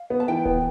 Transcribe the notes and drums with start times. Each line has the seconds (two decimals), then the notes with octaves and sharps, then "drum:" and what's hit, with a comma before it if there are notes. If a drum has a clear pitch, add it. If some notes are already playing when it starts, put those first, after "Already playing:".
Already playing: F5
0.10 B3
0.20 A5
0.28 E3 G5
0.45 B3, drum: kick D1